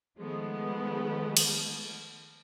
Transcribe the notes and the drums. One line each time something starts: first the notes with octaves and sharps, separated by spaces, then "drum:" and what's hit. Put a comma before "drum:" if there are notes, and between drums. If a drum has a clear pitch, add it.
D#3 F3 G#3 A3 B3
drum: cymbal